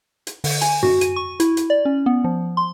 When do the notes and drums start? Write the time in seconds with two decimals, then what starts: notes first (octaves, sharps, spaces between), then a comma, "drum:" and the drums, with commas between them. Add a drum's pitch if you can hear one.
0.27 drum: hi-hat
0.44 D3, drum: open hi-hat
0.61 G#5, drum: hi-hat
0.83 F#4, drum: tom F#2
1.01 D#7, drum: hi-hat
1.16 C#6
1.40 E4, drum: hi-hat
1.57 drum: hi-hat
1.70 D5
1.85 C#4
2.06 B3
2.24 F3
2.57 C6